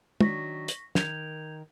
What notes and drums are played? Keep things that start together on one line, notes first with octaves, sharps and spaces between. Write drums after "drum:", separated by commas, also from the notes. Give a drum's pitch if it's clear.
D#3 F#3 D4 C#6 A#6 B6, drum: tom
drum: hi-hat
D#3 A#4 G6 G#6 F7, drum: snare